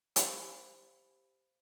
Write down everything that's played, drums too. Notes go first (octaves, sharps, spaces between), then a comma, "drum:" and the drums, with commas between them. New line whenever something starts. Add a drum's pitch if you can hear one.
G4 C5 F5 B5, drum: hi-hat